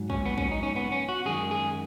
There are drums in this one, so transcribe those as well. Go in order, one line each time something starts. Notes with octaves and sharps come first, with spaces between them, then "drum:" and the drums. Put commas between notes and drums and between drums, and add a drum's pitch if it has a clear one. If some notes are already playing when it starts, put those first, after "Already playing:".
Already playing: G#2 F#3
C#4, drum: kick
B3
C#4, drum: kick
D#4
C#4
B3
C#4
F#4
F#2 D#3 G#3 G#4
G#4